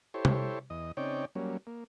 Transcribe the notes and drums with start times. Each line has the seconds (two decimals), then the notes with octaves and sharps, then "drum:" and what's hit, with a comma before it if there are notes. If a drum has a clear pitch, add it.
0.14 E4 G4 A4 C5 C#5
0.25 drum: tom C3
0.70 E2 D#5
0.97 C#3 C4 D#4 C#5 D5 G5
1.35 F#3 G3 A#3 C#4
1.67 A#3